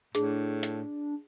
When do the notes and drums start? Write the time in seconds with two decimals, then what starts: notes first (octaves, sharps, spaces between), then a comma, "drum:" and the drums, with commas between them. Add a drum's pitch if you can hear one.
0.15 A2 D4 G#4, drum: hi-hat
0.63 drum: hi-hat